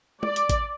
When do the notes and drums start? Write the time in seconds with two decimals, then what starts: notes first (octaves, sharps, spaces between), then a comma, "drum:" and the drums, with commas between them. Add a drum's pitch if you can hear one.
0.23 D5, drum: tom
0.36 drum: hi-hat
0.49 drum: kick A1, hi-hat